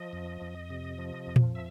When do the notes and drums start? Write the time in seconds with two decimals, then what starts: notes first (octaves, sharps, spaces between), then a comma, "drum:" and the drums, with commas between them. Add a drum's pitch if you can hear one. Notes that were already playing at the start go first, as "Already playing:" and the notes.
Already playing: F3 D#5
0.13 F2
0.41 F2
0.70 C3
0.98 F3
1.27 F2
1.36 drum: tom A#2
1.55 E5